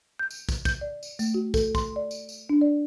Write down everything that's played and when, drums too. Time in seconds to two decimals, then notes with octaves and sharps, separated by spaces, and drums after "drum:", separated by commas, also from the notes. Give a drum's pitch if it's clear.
0.19 G6
0.31 drum: tambourine
0.49 drum: kick, tambourine
0.65 G6, drum: kick, tambourine
0.81 D5
1.03 drum: tambourine
1.19 A3, drum: tambourine
1.34 F#4
1.54 A4, drum: kick, tambourine
1.75 C6, drum: kick, tambourine
1.96 D5
2.11 drum: tambourine
2.29 drum: tambourine
2.49 D4
2.61 D5